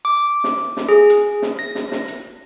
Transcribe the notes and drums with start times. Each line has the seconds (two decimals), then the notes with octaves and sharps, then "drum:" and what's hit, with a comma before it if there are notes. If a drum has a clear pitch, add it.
0.05 D6
0.44 drum: snare
0.77 drum: snare
0.89 G#4
1.10 drum: hi-hat
1.42 drum: snare
1.59 A#6
1.75 drum: snare
1.92 drum: snare
2.08 drum: hi-hat